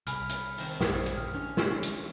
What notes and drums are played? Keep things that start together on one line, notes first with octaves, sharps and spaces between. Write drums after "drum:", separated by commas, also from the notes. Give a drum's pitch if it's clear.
C2 G#5 B5 F6, drum: hi-hat
drum: hi-hat
D#3 C4, drum: open hi-hat
A#1 F#2 D#6 G#6, drum: snare
drum: hi-hat
F6
C#4 D4
drum: snare
drum: hi-hat